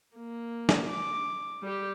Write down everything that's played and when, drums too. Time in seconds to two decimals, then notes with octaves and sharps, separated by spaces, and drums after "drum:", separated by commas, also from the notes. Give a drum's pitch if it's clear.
0.16 A#3
0.69 drum: snare
0.90 D6
1.63 G3 G4